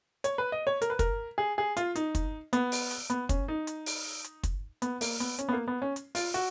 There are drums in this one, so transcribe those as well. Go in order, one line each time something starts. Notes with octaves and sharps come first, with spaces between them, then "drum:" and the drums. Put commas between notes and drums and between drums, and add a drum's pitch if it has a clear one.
C#5, drum: hi-hat
B4
D#5
C#5
A#4, drum: hi-hat
B4
A#4, drum: kick, hi-hat
G#4
G#4
F4, drum: hi-hat
D#4, drum: hi-hat
drum: kick, hi-hat
B3, drum: hi-hat
drum: open hi-hat
drum: hi-hat
B3, drum: hi-hat
C#4, drum: kick, hi-hat
D#4
drum: hi-hat
drum: open hi-hat
drum: hi-hat
drum: kick, hi-hat
B3, drum: hi-hat
A#3, drum: open hi-hat
B3, drum: hi-hat
C#4, drum: hi-hat
B3
A#3
B3
C#4
drum: hi-hat
F4, drum: open hi-hat
F#4, drum: hi-hat